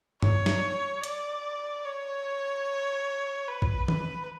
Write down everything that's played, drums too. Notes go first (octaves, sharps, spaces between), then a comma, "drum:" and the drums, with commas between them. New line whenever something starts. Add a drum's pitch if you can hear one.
C#5, drum: tom G2
drum: snare
D5, drum: hi-hat
C#5
B4
drum: kick A1
B4, drum: tom D#3